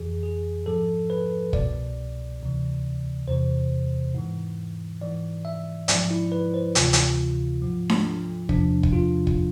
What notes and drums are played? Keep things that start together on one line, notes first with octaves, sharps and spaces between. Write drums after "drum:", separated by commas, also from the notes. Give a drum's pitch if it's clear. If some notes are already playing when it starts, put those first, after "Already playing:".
Already playing: F2 E3 G#4
G#4
G#2 F3 A4
B4
C2 B2 D5, drum: kick
D2 C3 E3
E2 C3 E3 C5
G#2 E3
G#2 E3 D5
E5
G#2 F3 D5, drum: hi-hat
E4
B4
C5
D2 C3 E3 F4, drum: hi-hat
drum: hi-hat
G#2 F3
drum: snare D4
E2 C3 F3 D4, drum: kick
drum: kick
F4
drum: kick